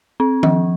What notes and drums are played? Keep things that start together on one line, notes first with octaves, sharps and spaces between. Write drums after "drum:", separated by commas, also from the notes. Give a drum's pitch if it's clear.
C4
F3, drum: tom D#3